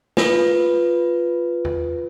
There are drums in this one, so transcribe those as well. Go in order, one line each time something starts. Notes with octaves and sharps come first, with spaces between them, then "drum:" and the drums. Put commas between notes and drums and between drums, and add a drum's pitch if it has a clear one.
F4 B4, drum: snare
drum: tom E2